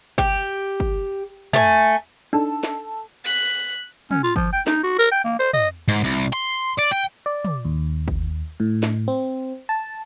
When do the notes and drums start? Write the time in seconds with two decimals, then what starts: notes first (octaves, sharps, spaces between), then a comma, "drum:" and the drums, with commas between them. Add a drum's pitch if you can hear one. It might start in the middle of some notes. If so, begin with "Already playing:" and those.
0.18 G4, drum: kick
0.80 drum: kick
1.53 A3 G#5, drum: tom
2.33 D4 D#4 A4
2.63 drum: snare
3.25 F#6 B6
4.11 C#4, drum: tom
4.23 F4
4.36 F3, drum: kick
4.53 G5
4.67 D#4, drum: snare
4.83 F#4
4.99 A#4
5.12 G5
5.24 A#3
5.39 C5
5.53 D#5, drum: tom
5.88 G#2
6.04 C2, drum: tambourine
6.33 C6
6.79 D5
6.92 G5
7.26 D5
7.45 drum: tom
7.65 D#2
8.08 drum: kick
8.22 drum: open hi-hat
8.60 A2
8.83 drum: snare
9.08 C4
9.69 A5